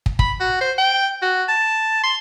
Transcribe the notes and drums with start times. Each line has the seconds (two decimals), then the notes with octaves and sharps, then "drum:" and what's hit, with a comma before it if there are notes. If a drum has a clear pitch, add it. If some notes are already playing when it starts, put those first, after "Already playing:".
0.06 drum: kick
0.19 B5, drum: kick
0.40 F#4
0.61 C5
0.78 G5
1.22 F#4
1.49 A5
2.03 C6